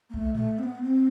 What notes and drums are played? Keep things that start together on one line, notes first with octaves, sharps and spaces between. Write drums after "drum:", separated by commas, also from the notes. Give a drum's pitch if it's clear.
A#3
A3, drum: kick B1
A3, drum: tom A2
C4
B3
C4